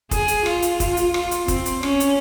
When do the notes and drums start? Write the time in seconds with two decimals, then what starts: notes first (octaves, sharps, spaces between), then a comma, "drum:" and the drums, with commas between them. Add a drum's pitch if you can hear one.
0.11 G#4, drum: kick, hi-hat
0.28 drum: hi-hat
0.46 F4, drum: rim click
0.62 drum: hi-hat
0.80 F4, drum: kick, hi-hat
0.97 drum: hi-hat
1.14 F4, drum: rim click
1.31 drum: hi-hat
1.48 C4, drum: kick, hi-hat
1.66 drum: hi-hat
1.83 C#4, drum: rim click
2.00 drum: hi-hat